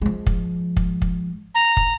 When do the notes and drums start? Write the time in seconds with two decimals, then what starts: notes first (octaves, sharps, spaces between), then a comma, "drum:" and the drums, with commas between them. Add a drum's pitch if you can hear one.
0.01 F3 G#3
0.27 drum: kick
0.77 drum: kick
1.02 drum: kick
1.55 A#5
1.77 drum: kick